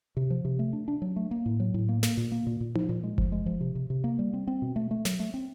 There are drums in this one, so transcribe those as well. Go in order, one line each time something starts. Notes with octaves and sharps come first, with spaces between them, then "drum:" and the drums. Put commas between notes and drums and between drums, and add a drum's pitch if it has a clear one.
C3
F3
C3
A3
D4
D4
F#3
A3
A#3
A2
F#3
A2
A#3
A#3, drum: snare
A#2
A#3
A#2
A#2
F3, drum: tom D#4
A#2
G#3
F3, drum: kick F#1
G#3
F3
C3
C3
C3
A#3
G3
C4
C4
B2
A3
A3
F#3, drum: snare
A3
C4